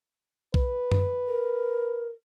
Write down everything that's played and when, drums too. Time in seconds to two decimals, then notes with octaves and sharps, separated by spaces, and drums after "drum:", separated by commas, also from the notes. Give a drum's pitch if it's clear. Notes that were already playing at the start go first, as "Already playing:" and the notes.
0.54 B4, drum: kick B1
0.92 drum: tom F#2
1.27 A#4